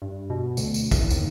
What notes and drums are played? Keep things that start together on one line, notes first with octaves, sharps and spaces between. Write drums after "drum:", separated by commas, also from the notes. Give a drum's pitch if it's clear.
G2
B2
D2, drum: tambourine
drum: tambourine
E2, drum: kick, tambourine
D#2, drum: tambourine